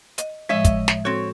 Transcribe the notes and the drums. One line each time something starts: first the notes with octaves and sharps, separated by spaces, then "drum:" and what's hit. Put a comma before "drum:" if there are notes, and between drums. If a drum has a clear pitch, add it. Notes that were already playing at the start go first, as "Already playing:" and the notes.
D#5, drum: hi-hat
A2 F3 G#3 C#5 D#5 E5
drum: kick, hi-hat
drum: snare
C4 F#4 A4 C#5